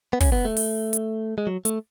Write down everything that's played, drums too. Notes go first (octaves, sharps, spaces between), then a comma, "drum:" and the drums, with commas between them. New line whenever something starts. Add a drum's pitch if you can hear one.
B3
C#4, drum: kick, open hi-hat
B3
A3
drum: open hi-hat
drum: hi-hat
G#3
F#3
A3, drum: hi-hat